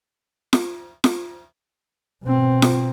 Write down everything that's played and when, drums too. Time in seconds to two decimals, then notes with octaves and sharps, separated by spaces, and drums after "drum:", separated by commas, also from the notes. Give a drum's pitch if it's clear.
0.53 drum: snare F4
1.04 drum: snare F4
2.23 B2 C4
2.62 drum: snare F4